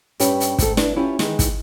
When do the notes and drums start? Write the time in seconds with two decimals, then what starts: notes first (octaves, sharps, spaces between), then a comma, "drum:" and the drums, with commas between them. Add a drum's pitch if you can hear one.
0.20 G2 C#4 G4 B4, drum: hi-hat
0.40 drum: hi-hat
0.58 G#2 A4, drum: kick, hi-hat
0.77 D4 E4 B4 D5, drum: snare
0.96 C#4 E4 F4 G4
1.19 D#3 E3 G#3 D#4, drum: snare
1.39 drum: kick, hi-hat